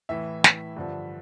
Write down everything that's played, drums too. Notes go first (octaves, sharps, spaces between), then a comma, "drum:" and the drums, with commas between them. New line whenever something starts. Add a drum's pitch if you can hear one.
A2 E3 E5
drum: snare
G2 D3 F3